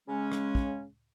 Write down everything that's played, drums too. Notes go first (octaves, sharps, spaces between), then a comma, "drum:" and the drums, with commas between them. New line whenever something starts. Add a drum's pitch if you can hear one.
C#3 G#3 C#4
drum: rim click
drum: kick